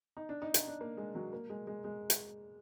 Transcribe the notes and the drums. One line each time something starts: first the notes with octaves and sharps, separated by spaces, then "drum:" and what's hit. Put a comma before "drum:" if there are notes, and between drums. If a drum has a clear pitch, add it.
D#4
D4
D#4
D#4, drum: hi-hat
D4
A#3
G#3
F#3
A#3
G#3
G#3
G#3
drum: hi-hat